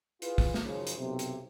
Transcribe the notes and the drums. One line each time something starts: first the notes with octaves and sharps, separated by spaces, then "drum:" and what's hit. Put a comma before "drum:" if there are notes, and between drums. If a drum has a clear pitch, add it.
E4 F4 G#4 B4, drum: hi-hat
drum: kick, open hi-hat
drum: snare
F#2 C#3 F3 D#4
drum: hi-hat
B1 F#2 C3
drum: hi-hat